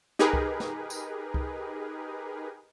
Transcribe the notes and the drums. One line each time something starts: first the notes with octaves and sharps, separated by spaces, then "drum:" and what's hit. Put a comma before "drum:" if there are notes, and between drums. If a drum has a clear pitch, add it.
D#4 G4 G#4 A#4 B4, drum: snare
drum: kick C2
drum: snare
drum: tambourine
drum: kick C2